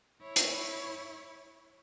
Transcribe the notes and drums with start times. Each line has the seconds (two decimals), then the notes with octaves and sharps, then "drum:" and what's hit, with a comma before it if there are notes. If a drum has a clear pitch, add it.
0.22 E4 C#5
0.36 drum: hi-hat